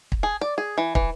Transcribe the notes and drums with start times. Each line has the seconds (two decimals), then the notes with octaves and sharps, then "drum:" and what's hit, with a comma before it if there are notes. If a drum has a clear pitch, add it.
0.12 drum: kick
0.23 G#4
0.41 D5
0.58 G#4
0.78 E3
0.95 E3, drum: kick